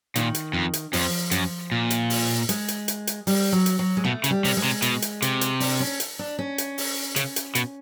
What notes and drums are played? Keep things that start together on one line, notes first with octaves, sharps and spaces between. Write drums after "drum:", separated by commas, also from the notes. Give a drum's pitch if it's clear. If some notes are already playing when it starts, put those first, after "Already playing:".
A#2 D#3, drum: hi-hat
drum: hi-hat
F2
drum: hi-hat
F2 F3, drum: open hi-hat
F#2, drum: hi-hat
A#2
drum: hi-hat
drum: open hi-hat
G#3, drum: hi-hat
drum: hi-hat
drum: hi-hat
drum: hi-hat
G3, drum: open hi-hat
F#3
drum: hi-hat
F#3
G#3
B2 A3
C#3, drum: hi-hat
G3
C3, drum: open hi-hat
G#3
C3
B2, drum: hi-hat
drum: hi-hat
C3, drum: hi-hat
drum: hi-hat
D4, drum: open hi-hat
C#4
drum: hi-hat
D4
C#4
drum: hi-hat
drum: open hi-hat
C#3, drum: hi-hat
drum: hi-hat
B2, drum: hi-hat